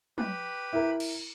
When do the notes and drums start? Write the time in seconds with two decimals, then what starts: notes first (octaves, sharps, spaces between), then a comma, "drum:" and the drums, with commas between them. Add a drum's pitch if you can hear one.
0.18 G4 B4 B5, drum: tom
0.73 E4 A#4
1.00 drum: cymbal